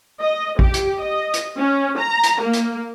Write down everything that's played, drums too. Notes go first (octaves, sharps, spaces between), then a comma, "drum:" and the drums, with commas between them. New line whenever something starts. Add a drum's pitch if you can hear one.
D#5
G4, drum: kick
drum: hi-hat
D#5
drum: hi-hat
C#4
A#5
drum: hi-hat
A#3
drum: hi-hat